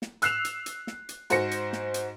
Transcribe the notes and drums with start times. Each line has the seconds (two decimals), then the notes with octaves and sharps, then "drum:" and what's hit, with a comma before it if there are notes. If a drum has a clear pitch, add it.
0.02 drum: snare
0.22 E6 F#6 C7 E7 F7, drum: hi-hat
0.45 drum: hi-hat
0.66 drum: hi-hat
0.87 drum: snare
1.09 drum: hi-hat
1.30 G#2 F#4 C5 A#6 C#7, drum: hi-hat
1.51 drum: hi-hat
1.73 drum: snare
1.94 drum: hi-hat